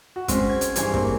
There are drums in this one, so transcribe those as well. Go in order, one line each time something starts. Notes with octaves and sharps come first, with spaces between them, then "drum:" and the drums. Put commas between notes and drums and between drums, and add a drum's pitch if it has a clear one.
F#4
G#3 C4 C#4, drum: kick, hi-hat
G#6
drum: hi-hat
G2 E3 C5 C#5 G#5, drum: hi-hat
A#3 C4, drum: kick